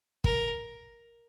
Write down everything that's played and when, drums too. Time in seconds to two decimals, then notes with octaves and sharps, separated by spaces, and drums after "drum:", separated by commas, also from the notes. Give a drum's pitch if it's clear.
0.24 A#4, drum: kick